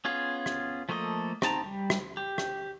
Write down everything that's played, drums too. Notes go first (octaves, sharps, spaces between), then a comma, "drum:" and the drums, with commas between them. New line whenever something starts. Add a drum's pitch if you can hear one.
B3 C#4 F4 G#4
drum: rim click
F3 A3 A#3 A4 D#5
C4 D#4 A5 A#5, drum: rim click
G3
drum: rim click
G4
drum: rim click